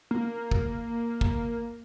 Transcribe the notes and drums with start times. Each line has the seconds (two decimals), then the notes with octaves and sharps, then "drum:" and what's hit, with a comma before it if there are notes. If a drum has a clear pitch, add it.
0.11 A#3
0.51 drum: kick
1.21 drum: kick